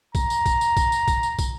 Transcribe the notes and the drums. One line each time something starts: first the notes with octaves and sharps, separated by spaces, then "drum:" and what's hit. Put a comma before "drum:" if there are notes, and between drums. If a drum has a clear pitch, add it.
A#5, drum: kick, tambourine
drum: tambourine
drum: kick, tambourine
drum: tambourine
drum: kick, tambourine
drum: tambourine
drum: kick, tambourine
drum: tambourine
drum: kick, tambourine